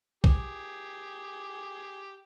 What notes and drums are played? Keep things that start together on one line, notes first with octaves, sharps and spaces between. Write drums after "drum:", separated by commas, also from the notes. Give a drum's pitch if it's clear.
G4 G#4, drum: kick A#1